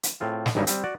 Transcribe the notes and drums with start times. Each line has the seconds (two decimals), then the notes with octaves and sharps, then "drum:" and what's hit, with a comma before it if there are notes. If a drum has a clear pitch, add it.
0.03 drum: hi-hat
0.20 A2 C4 F4 G#4
0.46 drum: snare
0.55 G#1 G2 C#3 D#4 E4 D#5
0.67 G3 C4, drum: hi-hat
0.84 F#4 D5